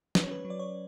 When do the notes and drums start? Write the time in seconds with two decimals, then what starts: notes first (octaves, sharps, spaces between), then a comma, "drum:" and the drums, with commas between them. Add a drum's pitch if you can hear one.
0.15 C#4 B4, drum: snare
0.24 C#5
0.31 B4
0.45 F#3
0.50 D5
0.59 C#5